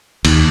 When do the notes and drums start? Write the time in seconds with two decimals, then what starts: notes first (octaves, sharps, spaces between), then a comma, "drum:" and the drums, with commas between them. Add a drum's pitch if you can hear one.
0.25 D#2, drum: cymbal